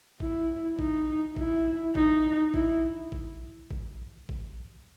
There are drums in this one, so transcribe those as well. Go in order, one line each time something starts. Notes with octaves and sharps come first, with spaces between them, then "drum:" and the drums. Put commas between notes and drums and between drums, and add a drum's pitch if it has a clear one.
E4, drum: kick A1
D#4, drum: kick A1
E4, drum: kick A1
D#4, drum: kick A1
E4, drum: kick A1
drum: kick A1
drum: kick A1
drum: kick A1